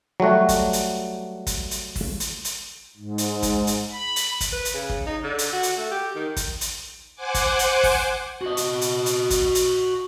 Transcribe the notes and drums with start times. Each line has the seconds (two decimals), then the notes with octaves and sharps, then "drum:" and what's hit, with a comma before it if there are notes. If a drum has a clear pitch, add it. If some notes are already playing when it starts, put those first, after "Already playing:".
0.20 F#3 G3 A3 F#4
0.49 drum: kick, hi-hat
0.73 drum: hi-hat
1.47 drum: kick, hi-hat
1.71 drum: hi-hat
1.96 drum: kick, open hi-hat
2.20 drum: hi-hat
2.45 drum: hi-hat
2.97 G#2
3.18 drum: hi-hat
3.43 drum: kick, hi-hat
3.67 drum: hi-hat
3.92 B5
4.16 drum: hi-hat
4.41 drum: kick, hi-hat
4.52 B4
4.65 drum: hi-hat
4.74 C#3
4.90 drum: kick
5.06 D#4
5.23 D3
5.38 drum: hi-hat
5.53 F#4
5.63 drum: hi-hat
5.77 A3
5.91 G4
6.15 D#3
6.36 drum: kick, hi-hat
6.61 drum: hi-hat
7.15 C5 F#5 G#5 D6
7.34 drum: kick, hi-hat
7.59 drum: hi-hat
7.83 drum: kick, open hi-hat
8.41 F#4 D#5
8.57 drum: hi-hat
8.81 drum: hi-hat
9.06 drum: hi-hat
9.30 drum: kick, hi-hat
9.55 drum: hi-hat